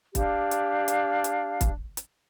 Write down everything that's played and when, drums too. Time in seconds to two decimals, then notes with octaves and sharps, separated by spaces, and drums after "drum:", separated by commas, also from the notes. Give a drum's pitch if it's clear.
0.15 D4 G4 F5, drum: kick, hi-hat
0.51 drum: hi-hat
0.88 drum: hi-hat
1.24 drum: hi-hat
1.61 drum: kick, hi-hat
1.97 drum: hi-hat